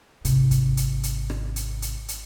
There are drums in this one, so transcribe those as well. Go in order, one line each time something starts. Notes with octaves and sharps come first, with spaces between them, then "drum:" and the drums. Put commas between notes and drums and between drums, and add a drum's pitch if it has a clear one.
G#1 C3, drum: hi-hat
drum: kick, hi-hat
drum: hi-hat
drum: hi-hat
drum: rim click
drum: hi-hat
drum: hi-hat
drum: hi-hat